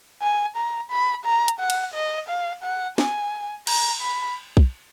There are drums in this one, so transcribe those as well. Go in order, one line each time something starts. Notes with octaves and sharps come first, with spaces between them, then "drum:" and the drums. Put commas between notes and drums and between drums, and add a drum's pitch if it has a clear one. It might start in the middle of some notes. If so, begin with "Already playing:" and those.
G#5
A#5
B5
A#5
drum: hi-hat
F#5
drum: cymbal
D#5
F5
F#5
G#5, drum: snare
A#5, drum: cymbal
B5
drum: kick